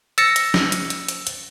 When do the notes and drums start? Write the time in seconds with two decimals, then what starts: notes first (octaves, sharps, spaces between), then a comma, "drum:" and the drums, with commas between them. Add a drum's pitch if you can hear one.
0.18 E6 A6 A#6 C#7, drum: hi-hat
0.36 drum: hi-hat
0.54 drum: snare
0.72 drum: hi-hat
0.90 drum: hi-hat
1.08 drum: hi-hat
1.27 drum: hi-hat